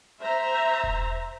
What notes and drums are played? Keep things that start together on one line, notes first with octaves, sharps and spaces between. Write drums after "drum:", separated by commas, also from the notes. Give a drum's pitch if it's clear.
C5 E5 A#5
drum: kick E1